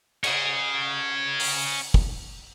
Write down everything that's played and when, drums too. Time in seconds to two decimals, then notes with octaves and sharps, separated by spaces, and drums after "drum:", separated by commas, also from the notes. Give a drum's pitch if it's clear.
0.24 C#4 G#4, drum: cymbal
1.40 drum: open hi-hat
1.94 drum: kick